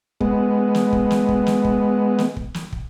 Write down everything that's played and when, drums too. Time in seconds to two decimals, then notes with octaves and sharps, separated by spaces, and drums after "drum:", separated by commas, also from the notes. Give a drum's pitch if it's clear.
0.21 G#3 B3, drum: kick
0.75 drum: snare
0.93 drum: kick
1.11 drum: snare
1.29 drum: kick
1.46 drum: snare
1.64 drum: kick
2.18 drum: snare
2.36 drum: kick
2.54 drum: snare
2.72 drum: kick